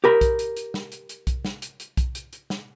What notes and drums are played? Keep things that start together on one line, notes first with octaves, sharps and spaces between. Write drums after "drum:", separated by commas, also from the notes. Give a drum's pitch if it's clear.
G4 A#4 B5
drum: kick B1, hi-hat
drum: hi-hat
drum: hi-hat
drum: snare
drum: hi-hat
drum: hi-hat
drum: kick B1, hi-hat
drum: snare
drum: hi-hat
drum: hi-hat
drum: kick B1, hi-hat
drum: hi-hat
drum: hi-hat
drum: snare